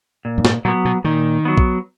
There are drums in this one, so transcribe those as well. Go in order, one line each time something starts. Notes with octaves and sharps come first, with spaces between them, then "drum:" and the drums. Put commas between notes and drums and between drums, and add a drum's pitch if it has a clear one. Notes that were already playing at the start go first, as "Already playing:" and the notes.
A#2
F#2
G#2, drum: snare
A#2 F#3 B3
B2
A#2 D#3
F#3 B3
drum: kick